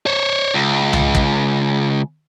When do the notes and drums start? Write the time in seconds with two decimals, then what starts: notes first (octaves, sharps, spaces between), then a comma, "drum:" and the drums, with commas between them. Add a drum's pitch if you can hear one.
0.06 C5 C#5
0.54 C#2
0.93 drum: tom C2
1.15 drum: kick